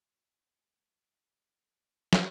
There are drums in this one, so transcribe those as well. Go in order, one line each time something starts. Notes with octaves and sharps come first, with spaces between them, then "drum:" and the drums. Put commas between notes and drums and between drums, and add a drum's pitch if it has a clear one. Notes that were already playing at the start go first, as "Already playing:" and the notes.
Already playing: A3
B2
B2
G#3
G#3
G#3
G#3
E3
B3
drum: snare